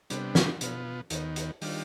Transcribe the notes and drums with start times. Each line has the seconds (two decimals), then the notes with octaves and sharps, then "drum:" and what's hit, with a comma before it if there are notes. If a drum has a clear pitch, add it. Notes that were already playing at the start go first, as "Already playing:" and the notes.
0.10 C3 G3 B3 D4, drum: hi-hat
0.35 drum: snare
0.61 B2 B3 F4, drum: hi-hat
1.10 D#2 D#3 B3, drum: hi-hat
1.36 drum: hi-hat
1.61 D#3 G3 D4 F4, drum: open hi-hat